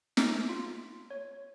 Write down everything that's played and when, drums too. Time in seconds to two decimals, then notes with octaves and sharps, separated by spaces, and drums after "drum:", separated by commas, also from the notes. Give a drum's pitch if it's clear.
0.17 D#4, drum: snare
0.49 F4
1.11 C#5